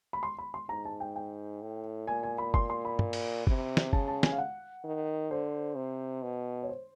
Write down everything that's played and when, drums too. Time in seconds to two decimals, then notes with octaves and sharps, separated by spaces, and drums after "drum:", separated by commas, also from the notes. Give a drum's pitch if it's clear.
0.13 B5
0.23 C6
0.39 B5
0.54 C6
0.69 G#2 A#5
0.85 A5
1.00 G5
1.16 G5
1.62 A2
2.07 A#2 G#5
2.23 G#5
2.38 B5
2.54 C6, drum: kick F#1
2.70 C6
2.85 B5
2.99 drum: tom
3.13 drum: cymbal
3.47 C3, drum: kick F#1
3.77 drum: snare
3.93 C#3 A5, drum: kick F#1
4.08 A5
4.23 G#5, drum: snare
4.32 F5
4.38 F#5
4.84 D#3
5.31 D3 C5
5.76 C3
6.23 B2
6.63 C#5
6.69 C5